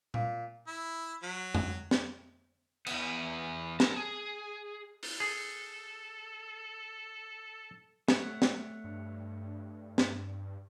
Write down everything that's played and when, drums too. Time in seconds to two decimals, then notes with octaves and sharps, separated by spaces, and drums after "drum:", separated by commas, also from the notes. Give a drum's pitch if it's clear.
0.14 A#2, drum: tom A#2
0.67 E4
1.23 F#3
1.55 drum: tom F2
1.91 drum: snare
2.86 E2 B3, drum: cymbal
3.80 A#4 A5, drum: snare
3.96 G#4
5.03 drum: open hi-hat
5.20 G#4 A4
8.08 A3 C#5 F#5, drum: snare
8.42 drum: snare
8.84 G2
9.98 drum: snare